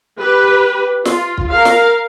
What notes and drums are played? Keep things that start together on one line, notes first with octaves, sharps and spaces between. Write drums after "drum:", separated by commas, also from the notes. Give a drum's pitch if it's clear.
G4 B4
F4, drum: snare
drum: kick
A#4 F5
drum: snare